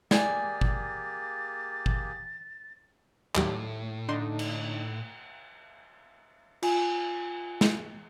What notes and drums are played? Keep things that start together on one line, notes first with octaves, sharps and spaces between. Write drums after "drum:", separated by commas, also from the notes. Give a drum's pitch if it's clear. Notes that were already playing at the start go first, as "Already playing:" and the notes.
A#3 G4 G#4 D5 G#5 A6, drum: snare
drum: kick G1
drum: kick G1
D#2 A2 F#3 G3 A3, drum: clap
D3 D4 D#4 C6
drum: cymbal
F4 G#5, drum: cymbal
drum: snare